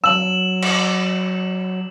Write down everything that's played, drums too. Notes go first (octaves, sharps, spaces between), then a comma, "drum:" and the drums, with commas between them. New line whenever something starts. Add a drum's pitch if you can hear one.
F#3 E6 E7 F#7
drum: cymbal